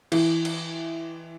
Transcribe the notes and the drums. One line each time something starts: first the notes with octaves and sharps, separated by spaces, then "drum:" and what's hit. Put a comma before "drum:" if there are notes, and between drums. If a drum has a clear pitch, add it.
E3, drum: cymbal
drum: cymbal